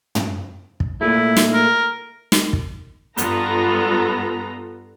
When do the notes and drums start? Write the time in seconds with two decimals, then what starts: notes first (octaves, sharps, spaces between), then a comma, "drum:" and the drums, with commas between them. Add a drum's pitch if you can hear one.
0.15 drum: tom
0.80 drum: kick
1.01 A#2 A3 E4
1.36 drum: snare
1.54 A#4
2.32 drum: snare
2.53 drum: kick
3.17 G2 B3 F4 A4 A#5, drum: hi-hat